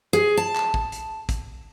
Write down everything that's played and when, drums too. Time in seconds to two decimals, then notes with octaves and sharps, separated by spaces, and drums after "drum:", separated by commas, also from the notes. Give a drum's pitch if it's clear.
0.13 G#4
0.37 A5
0.56 drum: clap
0.74 drum: kick
0.92 drum: hi-hat
1.29 drum: kick, hi-hat